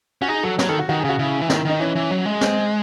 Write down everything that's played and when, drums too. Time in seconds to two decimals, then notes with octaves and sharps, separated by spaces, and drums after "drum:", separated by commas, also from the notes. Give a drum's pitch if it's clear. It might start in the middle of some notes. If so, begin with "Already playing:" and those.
0.22 C#4 F#4
0.28 D#4 G#4
0.43 F#3 A4
0.59 F#3 C#5, drum: snare
0.69 D#3 A4
0.79 F#4
0.89 D#3 F#4
0.99 G#4
1.04 C#3 F#4
1.19 C#3 E4
1.41 E3
1.50 D#3, drum: snare
1.65 D#3 D#4
1.80 E3 C#4
1.96 E3
2.11 F#3
2.26 G#3
2.41 C4, drum: snare